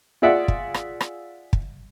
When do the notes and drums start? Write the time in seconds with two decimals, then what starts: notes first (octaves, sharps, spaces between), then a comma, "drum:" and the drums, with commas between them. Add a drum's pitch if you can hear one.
0.22 F4 G#4 D5 E5 F#5
0.48 drum: kick
0.74 drum: rim click
1.01 drum: rim click
1.53 drum: kick